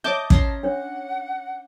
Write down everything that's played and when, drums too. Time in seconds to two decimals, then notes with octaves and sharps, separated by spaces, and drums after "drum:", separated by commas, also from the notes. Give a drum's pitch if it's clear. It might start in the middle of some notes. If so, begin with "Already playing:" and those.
0.04 C#5 D#5 E5 A5 D6 G6
0.30 C#4 A5 A#5 C6, drum: kick
0.63 D4 C#5 F#5